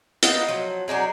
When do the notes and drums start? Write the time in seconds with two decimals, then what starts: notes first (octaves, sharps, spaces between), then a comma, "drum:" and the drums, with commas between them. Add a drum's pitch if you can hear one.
0.23 B3 D#4 F5, drum: hi-hat
0.48 F3 F#3
0.88 F#3 D4 D#4 G#4